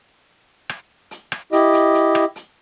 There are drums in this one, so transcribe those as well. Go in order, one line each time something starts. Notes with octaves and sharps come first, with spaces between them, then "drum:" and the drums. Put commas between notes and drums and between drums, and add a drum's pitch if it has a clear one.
drum: rim click
drum: hi-hat
drum: rim click
E4 G4 D#5, drum: hi-hat
drum: hi-hat
drum: hi-hat
drum: rim click
drum: hi-hat